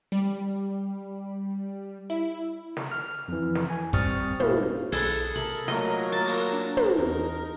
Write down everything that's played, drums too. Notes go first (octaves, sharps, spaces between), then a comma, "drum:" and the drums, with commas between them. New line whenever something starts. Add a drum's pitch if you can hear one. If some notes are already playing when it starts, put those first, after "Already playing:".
G3
E4
drum: snare
F6
F2 E3
drum: snare
G#5
G3 C4 C#6 D#6 F6 A6, drum: kick
B2 G#3 A#3 E4, drum: tom
B1 G#4 A4, drum: open hi-hat
C3 A4 A#4 B5
F#3 A3 A#3 F4 A#4 D#5, drum: snare
A5
drum: open hi-hat
D4
drum: tom
E2 D#4 A#4